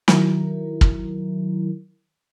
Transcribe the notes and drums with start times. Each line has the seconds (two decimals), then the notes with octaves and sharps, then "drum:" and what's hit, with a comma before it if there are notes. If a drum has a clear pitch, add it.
0.08 D#3 F#3 E4 A#4, drum: snare
0.81 drum: kick